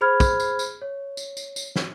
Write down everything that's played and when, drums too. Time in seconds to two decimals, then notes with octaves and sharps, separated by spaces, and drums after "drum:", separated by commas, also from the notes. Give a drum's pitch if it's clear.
0.01 G#4 C5 B5 F6 G#6
0.20 drum: kick, tambourine
0.40 drum: tambourine
0.59 drum: tambourine
0.82 C#5
1.17 drum: tambourine
1.37 drum: tambourine
1.56 drum: tambourine
1.76 drum: snare